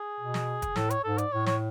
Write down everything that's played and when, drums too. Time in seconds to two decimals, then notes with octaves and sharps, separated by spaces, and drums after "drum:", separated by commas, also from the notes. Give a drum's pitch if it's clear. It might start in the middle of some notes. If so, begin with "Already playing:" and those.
Already playing: G#4
0.20 B2
0.34 drum: snare
0.62 drum: kick, hi-hat
0.76 A2 A4, drum: snare
0.90 C#5, drum: hi-hat
1.04 G#2 A4
1.18 D5, drum: hi-hat
1.32 A2 C#5
1.46 C#5, drum: snare